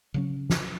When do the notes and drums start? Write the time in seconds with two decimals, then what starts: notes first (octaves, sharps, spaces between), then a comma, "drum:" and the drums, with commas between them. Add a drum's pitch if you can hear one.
0.14 C#3 F#3 C#4
0.50 drum: snare